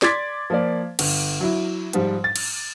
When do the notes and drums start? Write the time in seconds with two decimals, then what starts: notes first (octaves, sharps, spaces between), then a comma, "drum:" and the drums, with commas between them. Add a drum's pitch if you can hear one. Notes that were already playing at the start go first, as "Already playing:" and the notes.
0.02 D5 C6 D6 G#6 A6 B6, drum: snare
0.50 F3 A#3 D5
0.99 G1, drum: cymbal
1.40 F#3 E4
1.93 G#2 F3 G3, drum: hi-hat
2.24 A6
2.36 drum: cymbal